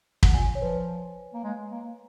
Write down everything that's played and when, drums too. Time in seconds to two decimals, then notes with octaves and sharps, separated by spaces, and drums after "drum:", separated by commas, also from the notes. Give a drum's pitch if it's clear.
0.23 F#5, drum: kick
0.34 A#2 G#5
0.55 C#5
0.62 F3 B4
1.34 A#3
1.44 G#3
1.72 A#3